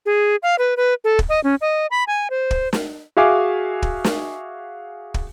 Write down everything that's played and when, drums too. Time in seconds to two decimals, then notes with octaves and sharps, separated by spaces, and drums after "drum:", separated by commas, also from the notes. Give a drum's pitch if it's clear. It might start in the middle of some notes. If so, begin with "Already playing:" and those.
0.06 G#4
0.43 F5
0.59 B4
0.77 B4
1.04 A4
1.19 drum: kick
1.29 D#5
1.44 C#4
1.61 D#5
1.91 B5
2.07 G#5
2.30 C5
2.51 drum: kick
2.73 drum: snare
3.17 F#4 G#4 E5 F5 G#5 D6
3.82 drum: kick
4.04 drum: snare
5.14 drum: kick